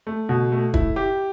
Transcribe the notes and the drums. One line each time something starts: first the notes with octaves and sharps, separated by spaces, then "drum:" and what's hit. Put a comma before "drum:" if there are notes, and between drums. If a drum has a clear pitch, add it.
A3
B2
A3
E4, drum: kick
G4